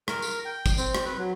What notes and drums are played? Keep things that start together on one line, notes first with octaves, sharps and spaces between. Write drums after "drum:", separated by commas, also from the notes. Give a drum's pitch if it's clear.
A#4, drum: rim click
drum: tambourine
G5
drum: kick, tambourine
C4, drum: tambourine
drum: rim click
B4
F#3